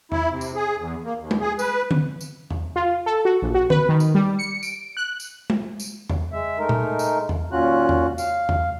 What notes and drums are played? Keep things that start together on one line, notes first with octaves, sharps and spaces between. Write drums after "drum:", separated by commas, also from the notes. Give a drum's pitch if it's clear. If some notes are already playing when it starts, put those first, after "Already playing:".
E4, drum: tom E2
C3
drum: tambourine
G#4
E2
A#3
D#2
drum: tom G#3
G#4
B4, drum: tambourine
drum: tom D3
drum: tambourine
drum: tom E2
F4
A4
F#4
A#1
F#4
B4, drum: tom D3
D#3
drum: tambourine
G3
C#7
D7, drum: tambourine
F#6
drum: tambourine
drum: tom G#3
drum: tambourine
drum: tom E2
G#3 E5
G#3 A3 D#4 A#4
drum: tom A#2
drum: tambourine
drum: tom E2
D#2 A#2 C#4 F4 F#4 F#6
drum: tom E2
F5, drum: tambourine
drum: tom E2